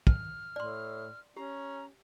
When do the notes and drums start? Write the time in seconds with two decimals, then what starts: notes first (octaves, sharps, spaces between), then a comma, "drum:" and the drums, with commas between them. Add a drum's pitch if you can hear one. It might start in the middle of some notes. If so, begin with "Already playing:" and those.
0.07 F6, drum: kick
0.56 A2 D5 C6
1.37 C#4 G4 A#5